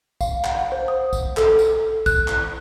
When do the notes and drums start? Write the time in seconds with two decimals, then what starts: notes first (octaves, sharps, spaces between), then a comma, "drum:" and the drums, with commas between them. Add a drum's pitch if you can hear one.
0.21 F5, drum: kick B1, tambourine
0.44 F#5, drum: clap
0.72 C5
0.88 D#6
1.13 drum: kick B1, tambourine
1.37 A4, drum: clap
1.59 drum: tambourine
2.06 F#6, drum: kick B1, tambourine
2.28 drum: clap